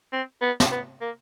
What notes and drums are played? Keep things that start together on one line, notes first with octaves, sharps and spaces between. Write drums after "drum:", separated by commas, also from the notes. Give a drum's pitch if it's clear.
C4
B3
drum: snare
B3
A#3